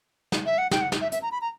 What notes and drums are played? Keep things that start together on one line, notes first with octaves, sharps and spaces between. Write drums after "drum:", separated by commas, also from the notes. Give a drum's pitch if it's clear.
drum: snare
E5
F#5
G5, drum: snare
F#5
drum: snare
E5
E5, drum: hi-hat
A#5
B5
A#5